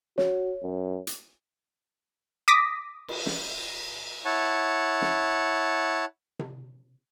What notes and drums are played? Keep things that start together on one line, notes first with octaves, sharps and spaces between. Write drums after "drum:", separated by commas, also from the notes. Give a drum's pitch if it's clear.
F#4 C#5, drum: snare
F#2
drum: hi-hat
D6 D#6 A#6 B6
drum: cymbal
drum: snare
E4 C#5 F#5 A5
drum: snare
drum: tom C3